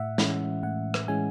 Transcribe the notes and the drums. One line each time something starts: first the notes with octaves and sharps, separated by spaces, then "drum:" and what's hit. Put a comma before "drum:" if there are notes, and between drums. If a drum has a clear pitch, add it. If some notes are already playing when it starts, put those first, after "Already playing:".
Already playing: A2 E5 F#5
E3 G#3 C#4, drum: snare
A2 F#5
drum: rim click
E3 G#3 C#4 G#5